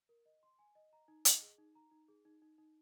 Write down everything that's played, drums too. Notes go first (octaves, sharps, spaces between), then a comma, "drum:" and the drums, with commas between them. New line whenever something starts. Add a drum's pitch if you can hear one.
A#4
D#5
C6
G#5
D#5
A#5
D#4
D#5, drum: hi-hat
G#4
D#4
A#5
D#4
G#4
D#4
D#4
D#4